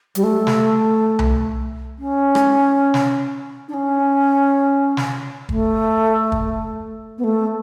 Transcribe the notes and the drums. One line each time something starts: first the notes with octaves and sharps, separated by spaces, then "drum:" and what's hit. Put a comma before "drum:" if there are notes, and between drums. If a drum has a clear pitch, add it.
G3, drum: hi-hat
A3
drum: snare
drum: tom C2
C#4
drum: rim click
drum: snare
D4
C#4
drum: snare
A3, drum: kick
drum: kick
B3
A3